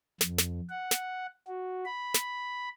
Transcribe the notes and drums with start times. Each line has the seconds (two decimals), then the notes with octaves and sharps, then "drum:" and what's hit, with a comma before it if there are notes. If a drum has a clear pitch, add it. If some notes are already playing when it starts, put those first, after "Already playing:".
0.21 F2, drum: snare
0.38 drum: snare
0.70 F#5
0.91 drum: snare
1.47 F#4
1.86 B5
2.14 drum: snare